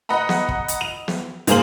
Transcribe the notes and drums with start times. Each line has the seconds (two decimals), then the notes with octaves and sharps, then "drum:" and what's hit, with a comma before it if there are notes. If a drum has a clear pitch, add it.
0.09 D#5 F#5 A#5 B5
0.29 drum: snare
0.49 drum: kick
0.68 drum: hi-hat
0.81 F7
1.08 drum: snare
1.47 G#2 A#3 G#4 C5 F5 F#7, drum: hi-hat